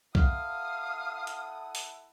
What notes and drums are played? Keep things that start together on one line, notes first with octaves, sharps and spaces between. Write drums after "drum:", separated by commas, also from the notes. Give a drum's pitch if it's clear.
E4 A4 F5 F#5 D#6, drum: kick
drum: hi-hat
drum: open hi-hat